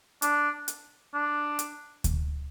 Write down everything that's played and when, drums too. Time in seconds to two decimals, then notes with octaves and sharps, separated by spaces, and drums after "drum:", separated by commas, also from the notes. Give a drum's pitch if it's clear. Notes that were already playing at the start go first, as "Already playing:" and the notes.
0.22 D4, drum: hi-hat
0.68 drum: hi-hat
1.14 D4
1.59 drum: hi-hat
2.04 drum: kick D2, hi-hat